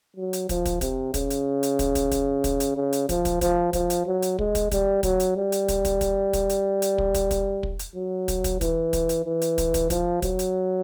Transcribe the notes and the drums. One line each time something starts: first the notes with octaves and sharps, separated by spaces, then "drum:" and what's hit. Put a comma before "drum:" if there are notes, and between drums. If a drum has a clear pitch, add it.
F#3
drum: hi-hat
F3, drum: kick, hi-hat
drum: kick, hi-hat
C3, drum: kick, hi-hat
C#3, drum: kick, hi-hat
drum: hi-hat
drum: hi-hat
drum: kick, hi-hat
drum: kick, hi-hat
drum: kick, hi-hat
drum: kick, hi-hat
drum: hi-hat
C#3
drum: hi-hat
F3, drum: kick, hi-hat
drum: kick, hi-hat
F3, drum: kick, hi-hat
F3, drum: kick, hi-hat
drum: hi-hat
F#3
drum: hi-hat
G#3, drum: kick
drum: kick, hi-hat
G3, drum: kick, hi-hat
F#3, drum: kick, hi-hat
drum: hi-hat
G3
drum: hi-hat
drum: kick, hi-hat
drum: kick, hi-hat
drum: kick, hi-hat
drum: kick, hi-hat
drum: hi-hat
drum: hi-hat
drum: kick
drum: kick, hi-hat
drum: kick, hi-hat
drum: kick
drum: hi-hat
F#3
drum: kick, hi-hat
drum: kick, hi-hat
E3, drum: kick, hi-hat
drum: kick, hi-hat
drum: hi-hat
E3
drum: hi-hat
drum: kick, hi-hat
drum: kick, hi-hat
F3, drum: kick, hi-hat
F#3, drum: kick, hi-hat
drum: hi-hat